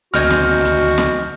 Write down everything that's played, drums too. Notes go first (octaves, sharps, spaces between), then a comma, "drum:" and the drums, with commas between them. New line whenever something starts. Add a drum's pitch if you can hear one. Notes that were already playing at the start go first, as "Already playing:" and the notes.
D2 C4 D#4 F#4 G#5 F6 G6
drum: snare
drum: hi-hat
drum: snare